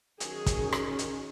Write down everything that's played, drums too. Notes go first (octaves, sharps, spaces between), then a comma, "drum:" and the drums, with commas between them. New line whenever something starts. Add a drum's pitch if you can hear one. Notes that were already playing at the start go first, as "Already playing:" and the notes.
D#3 F#3 C#4 G#4, drum: hi-hat
drum: kick, hi-hat
drum: rim click
drum: hi-hat